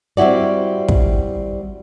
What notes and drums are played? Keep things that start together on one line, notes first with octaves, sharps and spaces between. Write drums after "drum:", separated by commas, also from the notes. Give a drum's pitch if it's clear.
G3 C4 E4 F#4 D5
drum: kick